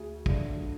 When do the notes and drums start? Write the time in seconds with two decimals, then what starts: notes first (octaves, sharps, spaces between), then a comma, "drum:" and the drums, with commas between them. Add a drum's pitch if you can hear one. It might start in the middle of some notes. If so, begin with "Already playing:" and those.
Already playing: D2 G#4
0.26 D3 F#3, drum: kick